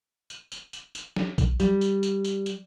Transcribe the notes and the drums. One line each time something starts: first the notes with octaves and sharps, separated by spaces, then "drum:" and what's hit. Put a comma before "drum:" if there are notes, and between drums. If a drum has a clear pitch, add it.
drum: tambourine
drum: tambourine
drum: tambourine
drum: tambourine
drum: snare
drum: kick B1, tambourine
G3, drum: tambourine
drum: tambourine
drum: tambourine
drum: tambourine
drum: tambourine